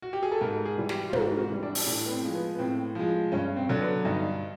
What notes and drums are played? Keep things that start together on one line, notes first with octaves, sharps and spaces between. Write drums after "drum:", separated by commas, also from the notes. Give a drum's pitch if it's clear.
F#4
G4
G#4
A4
G#2 A#4
G#4
E3 G3
G4, drum: snare
F4
G#2 F#4, drum: tom
F#4
E3 G3
D4
drum: open hi-hat
A2 D4
B3
C4
F3 G#3
B3
B3
A2 C4
F3 G#3
G2 C#4
C4
D3 F#3
B3
G2 D#4